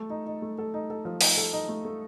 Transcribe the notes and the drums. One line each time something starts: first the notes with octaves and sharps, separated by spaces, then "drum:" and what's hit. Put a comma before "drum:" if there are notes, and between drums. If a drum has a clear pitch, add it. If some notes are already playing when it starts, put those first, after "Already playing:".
Already playing: A3 A4
D#4
D#4
A3
A4
D#4
A4
F3
D#4, drum: open hi-hat
A4
D#4
A3
A3